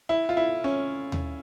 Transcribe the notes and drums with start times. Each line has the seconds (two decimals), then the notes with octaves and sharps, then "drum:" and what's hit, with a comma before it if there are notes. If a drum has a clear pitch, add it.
0.09 E4
0.29 F4
0.37 E4
0.64 C#4
1.12 drum: tom D#2